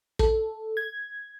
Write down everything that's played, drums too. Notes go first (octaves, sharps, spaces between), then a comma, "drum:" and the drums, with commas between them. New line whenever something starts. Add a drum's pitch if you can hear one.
A4, drum: kick
G#6